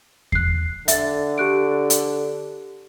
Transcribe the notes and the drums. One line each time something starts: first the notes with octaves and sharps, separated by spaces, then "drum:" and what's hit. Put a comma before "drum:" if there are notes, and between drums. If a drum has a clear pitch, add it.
F#6 C7, drum: kick E2
D3 E5 A6, drum: hi-hat
G4 F#6 D7
drum: hi-hat